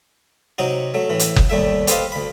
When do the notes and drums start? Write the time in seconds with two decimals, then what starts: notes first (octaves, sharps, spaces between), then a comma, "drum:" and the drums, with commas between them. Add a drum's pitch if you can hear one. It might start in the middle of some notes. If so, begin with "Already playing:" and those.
0.58 C3 F#3 D#4 F#4
0.94 F#3 A3
1.09 A2 E3
1.19 drum: hi-hat
1.36 drum: kick F#1
1.50 D#2 G3 A3 E5
1.87 G4 A4 B4 C5 D#5 F5, drum: hi-hat
2.12 D2 B5